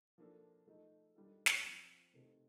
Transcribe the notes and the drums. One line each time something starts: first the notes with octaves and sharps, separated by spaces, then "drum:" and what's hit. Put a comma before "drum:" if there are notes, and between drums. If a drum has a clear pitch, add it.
F3 A#3 D4 A4
F3 A3 D#4
D#3 G3 D4 F4 A4
drum: snare
F3 C4 F4
C3 D#3 A3 C4